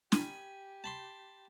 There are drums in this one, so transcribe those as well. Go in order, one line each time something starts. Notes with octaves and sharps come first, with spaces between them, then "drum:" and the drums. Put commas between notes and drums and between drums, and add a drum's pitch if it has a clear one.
G4 G#5 B5, drum: snare
A5 B5 C6